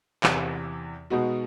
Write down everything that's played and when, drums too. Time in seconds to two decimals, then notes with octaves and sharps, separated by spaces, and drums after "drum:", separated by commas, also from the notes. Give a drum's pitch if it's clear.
0.23 E2 C3 E3, drum: clap
1.10 B2 G#3 B3 D#4 F#4